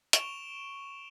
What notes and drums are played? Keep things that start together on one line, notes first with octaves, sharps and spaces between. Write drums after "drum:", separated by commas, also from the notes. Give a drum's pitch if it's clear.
C#6 D7 E7 F7 G7, drum: hi-hat